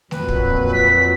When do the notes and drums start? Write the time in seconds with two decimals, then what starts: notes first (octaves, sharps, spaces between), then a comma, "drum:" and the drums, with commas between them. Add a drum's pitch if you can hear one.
0.11 F2 A#2 F#3 B4, drum: snare A3
0.28 drum: kick
0.73 B6